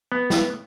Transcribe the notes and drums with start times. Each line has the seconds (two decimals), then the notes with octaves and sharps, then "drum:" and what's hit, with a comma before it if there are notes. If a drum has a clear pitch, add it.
0.12 B3
0.30 drum: snare